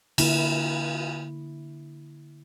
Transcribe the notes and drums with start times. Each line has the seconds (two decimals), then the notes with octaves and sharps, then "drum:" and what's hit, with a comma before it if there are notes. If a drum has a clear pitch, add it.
0.18 D3 A#3 E4, drum: cymbal